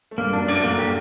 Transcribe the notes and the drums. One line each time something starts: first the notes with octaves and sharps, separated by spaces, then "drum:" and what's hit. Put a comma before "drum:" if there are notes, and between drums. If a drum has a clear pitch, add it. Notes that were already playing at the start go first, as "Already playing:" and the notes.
A3
G2 G3 A#3
F#2 F#3 D4
G2 G3 D5, drum: cymbal
A2 A3 A#3
G4